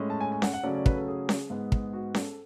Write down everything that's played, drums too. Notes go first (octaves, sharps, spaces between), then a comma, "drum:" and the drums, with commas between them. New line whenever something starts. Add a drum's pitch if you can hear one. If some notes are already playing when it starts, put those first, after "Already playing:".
Already playing: A2 G#3 C#4
A5
G#5
G#5
F#5, drum: snare C#4
F#5
C#3 F#3 A3 C#4 D5
D5
B4, drum: kick
A4
G#4
drum: snare C#4
G#2 G#3 B3
drum: kick
F#4
A4, drum: snare C#4